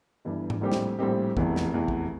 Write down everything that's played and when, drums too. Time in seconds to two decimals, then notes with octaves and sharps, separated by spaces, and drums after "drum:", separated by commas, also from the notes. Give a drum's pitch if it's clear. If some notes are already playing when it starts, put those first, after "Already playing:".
0.25 G1 G2 E3
0.50 drum: tom G#2
0.61 A#1 A2 G3 C4 G4
0.72 drum: snare
0.99 A#1 A2 G3 C4 G4
1.37 F1 E2 E3, drum: kick
1.56 drum: snare
1.74 F1 E2 E3
1.88 drum: kick